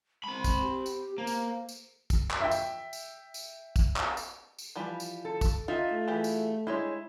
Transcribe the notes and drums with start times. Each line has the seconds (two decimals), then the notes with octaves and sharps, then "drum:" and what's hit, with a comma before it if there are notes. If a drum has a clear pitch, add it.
0.24 G#3 C4 B5
0.44 drum: kick, tambourine
0.62 G4
0.86 drum: tambourine
1.18 A#3 C5
1.27 drum: tambourine
1.69 drum: tambourine
2.10 drum: kick, tambourine
2.31 drum: clap
2.41 E5 G5
2.51 drum: tambourine
2.93 drum: tambourine
3.34 drum: tambourine
3.76 drum: kick, tambourine
3.96 drum: clap
4.17 drum: tambourine
4.58 drum: tambourine
4.75 E3 F3 G3
5.00 drum: tambourine
5.25 A4
5.41 drum: kick, tambourine
5.68 D#4 F4 E5
5.91 A3
6.08 E3 G4 G#4
6.24 drum: tambourine
6.67 G3 G#3 E4 C#5